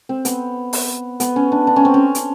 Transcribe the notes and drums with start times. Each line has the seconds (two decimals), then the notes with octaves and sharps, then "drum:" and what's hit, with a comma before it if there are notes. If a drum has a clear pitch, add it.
0.09 C4
0.25 B3, drum: hi-hat
0.73 drum: open hi-hat
1.20 B3, drum: hi-hat
1.36 C#4
1.52 D4
1.67 D4
1.76 C#4
1.85 C4
1.94 C#4
2.15 drum: hi-hat